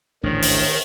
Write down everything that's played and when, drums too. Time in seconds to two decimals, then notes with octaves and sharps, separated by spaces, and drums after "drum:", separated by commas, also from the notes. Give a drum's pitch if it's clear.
0.23 A1 D2 G#2 D#3 C#4 D4 C5 C#5
0.42 drum: open hi-hat